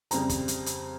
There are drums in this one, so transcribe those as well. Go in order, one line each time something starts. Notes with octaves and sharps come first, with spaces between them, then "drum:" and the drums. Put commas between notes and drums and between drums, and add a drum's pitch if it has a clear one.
F2 C#3 G3 C4 A#5, drum: hi-hat
drum: kick, hi-hat
drum: hi-hat
drum: hi-hat